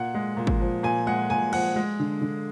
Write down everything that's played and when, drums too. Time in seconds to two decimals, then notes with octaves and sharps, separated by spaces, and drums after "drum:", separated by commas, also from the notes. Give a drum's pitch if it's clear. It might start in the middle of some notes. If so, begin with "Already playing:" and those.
Already playing: A#2 F#5
0.14 G#3
0.37 A#2
0.47 drum: kick
0.60 F3
0.83 A#2 G#5
1.07 G#3 F#5
1.30 A#2 G#5
1.53 F3 F#5, drum: cymbal
1.76 G#3
2.00 D3
2.22 D3